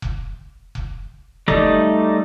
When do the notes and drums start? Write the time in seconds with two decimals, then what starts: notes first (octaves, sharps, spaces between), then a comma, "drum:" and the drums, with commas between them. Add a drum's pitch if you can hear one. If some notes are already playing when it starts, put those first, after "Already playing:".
0.02 drum: kick F1
0.75 drum: kick F1
1.48 G3 A3 D#4 D5 D#5, drum: kick F1